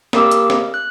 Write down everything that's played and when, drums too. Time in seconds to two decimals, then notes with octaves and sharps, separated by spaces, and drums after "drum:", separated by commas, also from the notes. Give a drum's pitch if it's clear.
0.13 A#3 G4 A#4 D6 E6, drum: snare
0.31 drum: hi-hat
0.50 drum: snare
0.74 F#6